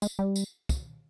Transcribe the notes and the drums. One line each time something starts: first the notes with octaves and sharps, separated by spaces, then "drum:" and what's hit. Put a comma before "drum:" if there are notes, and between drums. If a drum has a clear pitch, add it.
G#3, drum: tambourine
G3
drum: tambourine
drum: kick, tambourine